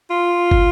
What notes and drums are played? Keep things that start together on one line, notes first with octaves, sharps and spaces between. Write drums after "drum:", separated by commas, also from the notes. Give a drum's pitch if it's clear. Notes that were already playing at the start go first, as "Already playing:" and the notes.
F4
drum: kick